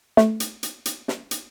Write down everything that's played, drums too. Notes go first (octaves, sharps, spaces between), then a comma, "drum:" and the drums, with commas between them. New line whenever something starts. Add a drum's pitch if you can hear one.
A3, drum: snare
drum: hi-hat
drum: hi-hat
drum: hi-hat
drum: snare
drum: hi-hat